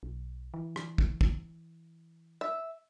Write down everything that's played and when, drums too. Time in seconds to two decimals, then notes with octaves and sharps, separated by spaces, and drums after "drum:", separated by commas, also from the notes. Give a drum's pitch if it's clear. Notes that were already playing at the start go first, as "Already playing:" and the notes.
0.03 B1
0.54 E3
0.76 drum: rim click
0.98 drum: kick
1.21 drum: kick
2.41 E5